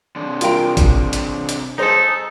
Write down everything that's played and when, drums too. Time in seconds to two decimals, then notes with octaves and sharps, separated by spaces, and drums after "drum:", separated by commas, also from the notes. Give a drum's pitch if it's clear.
0.16 C3 D4
0.41 F4 A#4 G5, drum: hi-hat
0.77 drum: kick G1, hi-hat
1.13 drum: hi-hat
1.49 drum: hi-hat
1.78 D#4 G#4 A4 C5